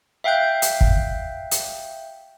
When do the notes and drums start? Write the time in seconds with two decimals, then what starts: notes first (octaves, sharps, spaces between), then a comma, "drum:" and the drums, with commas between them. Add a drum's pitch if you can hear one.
0.24 E5 F5 G5 F#6 G6
0.62 drum: hi-hat
0.81 drum: kick
1.51 drum: hi-hat